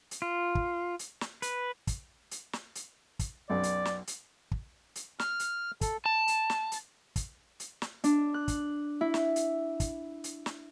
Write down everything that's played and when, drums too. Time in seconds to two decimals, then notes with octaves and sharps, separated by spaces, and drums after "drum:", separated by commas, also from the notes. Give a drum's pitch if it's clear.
0.11 drum: hi-hat
0.22 F4
0.55 drum: kick
0.99 drum: hi-hat
1.21 drum: snare
1.42 B4, drum: hi-hat
1.87 drum: kick, hi-hat
2.31 drum: hi-hat
2.53 drum: snare
2.75 drum: hi-hat
3.19 drum: kick, hi-hat
3.50 B1 F#2 D5
3.63 drum: hi-hat
3.85 drum: snare
4.07 drum: hi-hat
4.51 drum: kick
4.96 drum: hi-hat
5.19 F6, drum: snare
5.40 drum: hi-hat
5.81 A4, drum: kick, hi-hat
6.06 A5
6.28 drum: hi-hat
6.50 drum: snare
6.72 drum: hi-hat
7.16 drum: kick, hi-hat
7.60 drum: hi-hat
7.82 drum: snare
8.04 D4, drum: hi-hat
8.34 F#6
8.48 drum: kick, hi-hat
9.01 E4
9.14 drum: snare
9.36 drum: hi-hat
9.80 drum: kick, hi-hat
10.24 drum: hi-hat
10.46 drum: snare